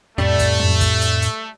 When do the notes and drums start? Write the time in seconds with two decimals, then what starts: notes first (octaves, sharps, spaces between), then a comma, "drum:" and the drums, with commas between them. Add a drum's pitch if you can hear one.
0.18 F2 A2 G3 A3, drum: snare
0.39 drum: kick, hi-hat
0.60 drum: tom
0.80 drum: kick, hi-hat
1.01 drum: hi-hat
1.22 drum: hi-hat